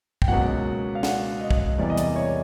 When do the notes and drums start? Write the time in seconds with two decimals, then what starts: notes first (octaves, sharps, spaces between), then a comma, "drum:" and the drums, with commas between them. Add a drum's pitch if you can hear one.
0.22 G5, drum: kick
0.28 C#2 B2 F#3 A#3 F#5
0.95 F5
1.03 F#5, drum: snare
1.41 D#5
1.51 drum: kick
1.78 E2 C3 E3 G3 A#3 D5
1.90 D#5
1.97 D5, drum: hi-hat
2.16 C#5